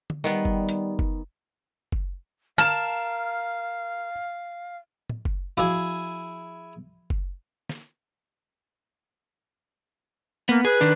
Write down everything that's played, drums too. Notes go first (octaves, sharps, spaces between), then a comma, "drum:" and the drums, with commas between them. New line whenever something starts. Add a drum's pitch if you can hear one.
drum: tom D3
D#3 G3 B3, drum: snare
drum: kick F#1
drum: hi-hat
drum: kick F#1
drum: kick F#1
A#4 F5 A5 F6 E7, drum: tom D3
drum: tom
drum: kick F#1
F3 E4 F#4 G#4 F5
drum: kick F#1
drum: snare
A#3 B3
G#4 B4
D#3 D4